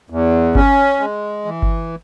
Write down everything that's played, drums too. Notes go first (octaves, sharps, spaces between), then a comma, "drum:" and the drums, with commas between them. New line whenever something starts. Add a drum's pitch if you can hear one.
E2
C#4, drum: kick G1
G#3
E3
drum: kick G1